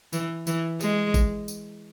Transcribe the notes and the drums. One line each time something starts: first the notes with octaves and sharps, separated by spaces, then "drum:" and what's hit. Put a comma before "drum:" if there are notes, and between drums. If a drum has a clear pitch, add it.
E3, drum: tambourine
E3, drum: tambourine
G#3, drum: tambourine
drum: kick, tambourine
drum: tambourine